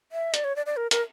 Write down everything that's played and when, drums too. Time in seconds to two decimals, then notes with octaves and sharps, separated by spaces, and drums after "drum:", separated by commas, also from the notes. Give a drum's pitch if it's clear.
0.12 E5
0.34 D5, drum: hi-hat
0.44 C#5
0.56 D5
0.66 D5
0.77 A#4
0.91 A#4, drum: hi-hat